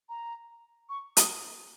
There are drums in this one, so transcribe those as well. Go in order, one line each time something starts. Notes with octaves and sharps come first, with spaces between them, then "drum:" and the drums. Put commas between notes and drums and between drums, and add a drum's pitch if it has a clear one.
A#5
C#6
D#6, drum: hi-hat